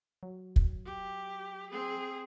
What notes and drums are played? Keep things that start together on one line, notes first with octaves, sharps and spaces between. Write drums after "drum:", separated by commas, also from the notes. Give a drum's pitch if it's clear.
F#3
drum: kick
G4
C4 G#4